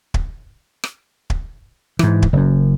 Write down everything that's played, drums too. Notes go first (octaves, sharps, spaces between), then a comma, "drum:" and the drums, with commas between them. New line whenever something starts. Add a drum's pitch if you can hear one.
drum: kick
drum: rim click
drum: kick
G#2 E3, drum: rim click
drum: kick
F#1 F#2